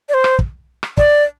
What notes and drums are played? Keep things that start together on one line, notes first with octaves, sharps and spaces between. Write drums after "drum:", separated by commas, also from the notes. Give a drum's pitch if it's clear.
D5
C5
drum: rim click
drum: kick
drum: rim click
D5, drum: kick